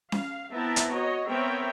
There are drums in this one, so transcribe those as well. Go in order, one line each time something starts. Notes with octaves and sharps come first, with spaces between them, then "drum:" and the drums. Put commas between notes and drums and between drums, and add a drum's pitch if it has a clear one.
F5, drum: snare C#4
B3 C4 E4 E5 A5 A#5
drum: hi-hat
F#4 C#5 D#5
B3 C4 A#4 C#5 E5 G5